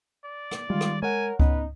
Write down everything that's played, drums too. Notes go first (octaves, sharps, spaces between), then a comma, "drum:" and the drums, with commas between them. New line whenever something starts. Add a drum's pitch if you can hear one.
D5
drum: rim click
D#3 G3 G#3 F4
drum: rim click
G#3 A#4 C#5 F#5 G#5
B3 C#4 D#4 B4, drum: kick C#2